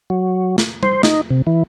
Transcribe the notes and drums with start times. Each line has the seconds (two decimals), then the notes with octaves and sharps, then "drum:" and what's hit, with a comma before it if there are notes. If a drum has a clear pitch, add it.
0.10 F#3
0.58 drum: snare
0.83 C5, drum: tom G3
1.03 D#4, drum: snare
1.30 C3
1.47 E3